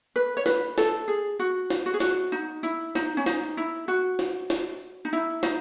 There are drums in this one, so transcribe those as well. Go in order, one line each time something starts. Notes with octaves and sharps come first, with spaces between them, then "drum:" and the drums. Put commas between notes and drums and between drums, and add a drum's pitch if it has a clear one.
B4
C#5
B4, drum: snare
A4, drum: snare
G#4, drum: tambourine
F#4, drum: tambourine
drum: snare
F#4
G#4
F#4, drum: snare
D#4, drum: tambourine
E4, drum: tambourine
D#4, drum: snare
C#4
D#4, drum: snare
E4, drum: tambourine
F#4, drum: tambourine
drum: snare
drum: snare
drum: tambourine
D#4
E4, drum: tambourine
D#4, drum: snare